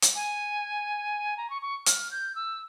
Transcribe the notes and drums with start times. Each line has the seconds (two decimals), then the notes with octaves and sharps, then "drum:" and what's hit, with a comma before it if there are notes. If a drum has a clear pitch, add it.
0.02 drum: hi-hat
0.15 G#5
1.37 A#5
1.50 C#6
1.62 C#6
1.86 F6, drum: hi-hat
2.11 G6
2.35 E6